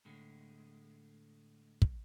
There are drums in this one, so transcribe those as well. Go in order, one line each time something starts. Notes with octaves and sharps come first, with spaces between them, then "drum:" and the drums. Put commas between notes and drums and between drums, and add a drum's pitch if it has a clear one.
A2 D3 G#3
drum: kick